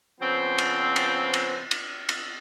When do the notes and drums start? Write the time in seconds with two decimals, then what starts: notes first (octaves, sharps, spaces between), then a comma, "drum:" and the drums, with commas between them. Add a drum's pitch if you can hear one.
0.21 C#3 F3 B3 C4
0.58 drum: cymbal
0.96 drum: cymbal
1.34 drum: cymbal
1.71 drum: cymbal
2.09 drum: cymbal